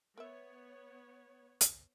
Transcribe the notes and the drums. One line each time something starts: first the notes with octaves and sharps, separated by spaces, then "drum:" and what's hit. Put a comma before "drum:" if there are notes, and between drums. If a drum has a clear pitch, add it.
B3 A#4 B4 C#5 E5
drum: hi-hat